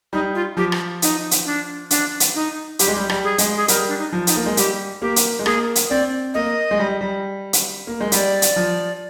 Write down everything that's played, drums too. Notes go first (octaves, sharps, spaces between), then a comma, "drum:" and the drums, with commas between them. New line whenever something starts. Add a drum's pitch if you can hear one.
G3 D#4
F4
F3 G4
drum: rim click
D#4, drum: hi-hat
drum: hi-hat
D4
D4, drum: hi-hat
drum: hi-hat
D#4
G3 G4, drum: hi-hat
G#3
G3
G3, drum: rim click
G#4
G#3, drum: hi-hat
G#4
G3 A#4, drum: hi-hat
D4
D#4
F3
D#4, drum: hi-hat
A#3
G#3
G3 G4, drum: hi-hat
A#3 G4
drum: hi-hat
G#3
A#3 G#4, drum: rim click
drum: hi-hat
C4 D5
A#3 D#5
G#3
G3
G3
drum: hi-hat
A#3
G#3
G3 D5, drum: hi-hat
drum: hi-hat
F3